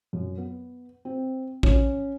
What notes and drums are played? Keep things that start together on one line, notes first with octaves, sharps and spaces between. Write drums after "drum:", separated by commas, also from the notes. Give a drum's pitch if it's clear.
F#2
B3
C4
C#4, drum: kick